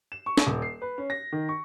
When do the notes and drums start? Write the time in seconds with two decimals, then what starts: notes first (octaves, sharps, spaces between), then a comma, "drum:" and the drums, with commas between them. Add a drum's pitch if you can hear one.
0.12 E7
0.26 C#6
0.38 drum: snare
0.47 D#1
0.62 C7
0.82 B4
0.98 C#4
1.10 A#6
1.32 D#3
1.49 C#6